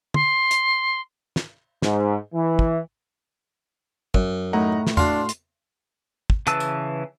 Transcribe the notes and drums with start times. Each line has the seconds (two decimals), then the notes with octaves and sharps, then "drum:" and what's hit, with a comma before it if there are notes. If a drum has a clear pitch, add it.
0.14 C6, drum: tom
0.51 drum: hi-hat
1.36 drum: snare
1.82 G#2, drum: snare
2.34 E3
2.59 drum: kick
4.14 F#2, drum: kick
4.53 A2 D#4 F#5 A#5
4.87 drum: snare
4.97 D4 F#4 F5 C6 C7, drum: tom E2
5.29 drum: hi-hat
6.30 drum: kick
6.47 C#3 E3 B4 A5 E6, drum: hi-hat
6.60 drum: tambourine